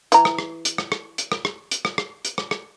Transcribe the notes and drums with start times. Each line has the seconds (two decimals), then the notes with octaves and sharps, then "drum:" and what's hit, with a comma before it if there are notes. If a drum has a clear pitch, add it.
0.12 E3 A#5, drum: hi-hat
0.25 drum: rim click
0.39 drum: rim click
0.65 drum: hi-hat
0.78 drum: rim click
0.92 drum: rim click
1.18 drum: hi-hat
1.32 drum: rim click
1.45 drum: rim click
1.71 drum: hi-hat
1.85 drum: rim click
1.98 drum: rim click
2.25 drum: hi-hat
2.38 drum: rim click
2.51 drum: rim click